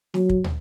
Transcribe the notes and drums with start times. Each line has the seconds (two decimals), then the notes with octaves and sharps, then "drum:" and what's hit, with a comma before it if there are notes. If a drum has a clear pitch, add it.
0.14 F#3, drum: snare
0.29 drum: kick
0.44 drum: tom